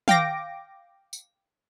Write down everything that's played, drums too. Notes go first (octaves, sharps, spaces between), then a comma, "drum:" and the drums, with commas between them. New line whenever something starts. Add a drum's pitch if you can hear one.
F5 G5 D6 A#6 D7, drum: tom
drum: tambourine